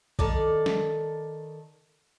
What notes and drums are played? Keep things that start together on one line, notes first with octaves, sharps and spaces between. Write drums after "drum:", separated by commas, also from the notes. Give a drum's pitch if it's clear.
D#3 A4 D5, drum: kick B1
drum: snare